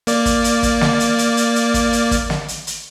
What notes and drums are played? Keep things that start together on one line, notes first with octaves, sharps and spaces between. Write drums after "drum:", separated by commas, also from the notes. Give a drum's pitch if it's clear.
A#3 D5, drum: hi-hat
drum: kick, hi-hat
drum: hi-hat
drum: kick, hi-hat
drum: snare
drum: hi-hat
drum: hi-hat
drum: hi-hat
drum: hi-hat
drum: kick, hi-hat
drum: hi-hat
drum: kick, hi-hat
drum: snare
drum: hi-hat
drum: hi-hat